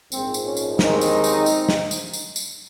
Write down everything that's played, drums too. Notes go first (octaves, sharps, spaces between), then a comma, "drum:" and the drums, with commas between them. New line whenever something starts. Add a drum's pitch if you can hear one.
A#1 G#2 F3 G#3 C4, drum: tambourine
drum: tambourine
C#4
drum: tambourine
D#2 D#3 G#3 C4 D#4, drum: snare
drum: tambourine
drum: tambourine
drum: tambourine
drum: snare
drum: tambourine
drum: tambourine
drum: tambourine